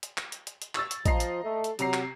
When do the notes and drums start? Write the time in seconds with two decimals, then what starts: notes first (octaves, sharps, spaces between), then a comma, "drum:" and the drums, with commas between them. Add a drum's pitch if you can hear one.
0.03 drum: hi-hat
0.18 drum: clap
0.32 drum: hi-hat
0.47 drum: hi-hat
0.62 drum: hi-hat
0.75 C#6 E6 A6, drum: clap
0.91 drum: hi-hat
1.06 F3 D#5 A#5 C7, drum: kick, hi-hat
1.20 drum: hi-hat
1.43 A3
1.64 drum: hi-hat
1.79 C3 F#3 A#5 C7, drum: hi-hat
1.94 drum: clap